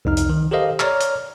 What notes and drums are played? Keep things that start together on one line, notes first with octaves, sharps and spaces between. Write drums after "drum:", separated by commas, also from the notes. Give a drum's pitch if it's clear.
C2 F2 D#4 F6
drum: hi-hat
D#3
G4 A4 A#4 C5 D#5 F5
C#5 D5 A#5 F6, drum: clap
drum: hi-hat